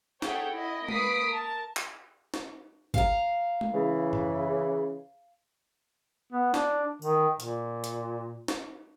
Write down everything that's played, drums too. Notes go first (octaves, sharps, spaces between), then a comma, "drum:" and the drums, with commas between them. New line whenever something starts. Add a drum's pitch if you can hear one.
G#4 A4 C#5 E5 F#5 G5, drum: snare
E4 D#5
A#3 B4 D#6 B6 C7 D7, drum: tom G#3
A#4 A5
drum: clap
drum: snare
F5 A#5, drum: kick
drum: tom G#3
C#3 E3
drum: tom F#2
B3
D4, drum: snare
D#3, drum: tambourine
A#2, drum: hi-hat
drum: hi-hat
drum: snare